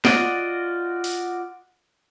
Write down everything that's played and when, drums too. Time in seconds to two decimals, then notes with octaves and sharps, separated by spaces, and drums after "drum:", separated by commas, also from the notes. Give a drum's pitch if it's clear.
0.05 F4 F#4 D5 D#5, drum: snare
1.04 drum: open hi-hat